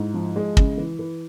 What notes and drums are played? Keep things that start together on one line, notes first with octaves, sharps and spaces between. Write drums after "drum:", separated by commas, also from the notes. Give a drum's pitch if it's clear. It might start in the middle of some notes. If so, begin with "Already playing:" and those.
Already playing: G#2 E4
F3
G#3
C#3, drum: kick
E3
E3